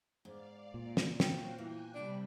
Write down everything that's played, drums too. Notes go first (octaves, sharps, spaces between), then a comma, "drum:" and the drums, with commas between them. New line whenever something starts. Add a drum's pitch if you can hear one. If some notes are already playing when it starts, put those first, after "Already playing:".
G#2 D5 F5
A#2
drum: snare
F#3 F#4 C5 F5 G5, drum: snare
E3 A#3 G5 G#5 F#6
C3 G3 D4 B5